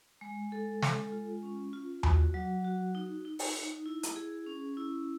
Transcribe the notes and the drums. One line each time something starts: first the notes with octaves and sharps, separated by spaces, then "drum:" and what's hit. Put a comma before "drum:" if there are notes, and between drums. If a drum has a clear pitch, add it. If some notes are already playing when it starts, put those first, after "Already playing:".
G#3
A4
G#3, drum: snare
F4
C#4
F4
F#4, drum: tom D#2
F#3
F#4
D#4
D#4
drum: open hi-hat
D#4
E4
drum: hi-hat
G#4
C#4
E4